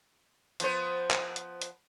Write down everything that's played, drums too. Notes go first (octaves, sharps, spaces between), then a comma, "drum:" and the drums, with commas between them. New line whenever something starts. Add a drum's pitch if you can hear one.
F3 B3 C5, drum: hi-hat
drum: clap
drum: hi-hat
drum: hi-hat